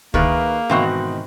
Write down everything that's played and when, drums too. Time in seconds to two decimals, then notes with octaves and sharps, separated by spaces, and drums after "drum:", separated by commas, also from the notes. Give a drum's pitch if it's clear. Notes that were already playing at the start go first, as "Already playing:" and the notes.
0.14 D#3 A#3 G#4 A#4 B4 E5, drum: kick
0.70 G#2 B2 D#3 E3 C4 F#4